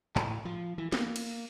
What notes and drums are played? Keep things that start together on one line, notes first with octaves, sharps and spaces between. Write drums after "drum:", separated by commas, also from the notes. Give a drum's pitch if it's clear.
A2, drum: clap
F3
E3
A#3, drum: snare
drum: cymbal